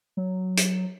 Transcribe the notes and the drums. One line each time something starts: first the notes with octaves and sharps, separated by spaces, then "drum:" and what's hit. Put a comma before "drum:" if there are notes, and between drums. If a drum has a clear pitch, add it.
F#3
drum: hi-hat